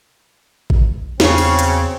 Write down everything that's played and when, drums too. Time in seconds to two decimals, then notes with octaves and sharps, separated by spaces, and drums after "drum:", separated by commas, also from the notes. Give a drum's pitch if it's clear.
0.70 drum: kick A1
1.20 E2 C#3 C4 F#4 C#5 F5, drum: snare
1.38 drum: cymbal
1.59 drum: hi-hat